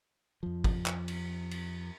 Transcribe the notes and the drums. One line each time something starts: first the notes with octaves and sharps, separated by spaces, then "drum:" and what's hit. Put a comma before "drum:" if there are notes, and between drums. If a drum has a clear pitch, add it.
F2 F3
drum: kick, cymbal
drum: clap
drum: cymbal
drum: cymbal